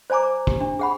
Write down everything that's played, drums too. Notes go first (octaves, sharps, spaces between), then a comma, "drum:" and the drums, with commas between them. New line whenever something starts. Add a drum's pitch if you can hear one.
C5 D5 G#5 A#5 D6
G4, drum: kick
D4
G#4 F#5 B5